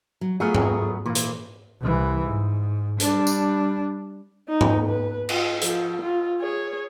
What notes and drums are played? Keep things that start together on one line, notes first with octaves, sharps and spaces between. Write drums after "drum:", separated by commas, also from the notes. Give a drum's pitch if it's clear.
F#3
F#3 A3 B3 F4 G#4 A#4
drum: tom G#2
A#2 E3 A#3
drum: hi-hat
C2 E3
G#2
G3 D4, drum: hi-hat
drum: tambourine
D#4
drum: tom G#2
B4
F4, drum: cymbal
F3, drum: hi-hat
F4
G#4 C#5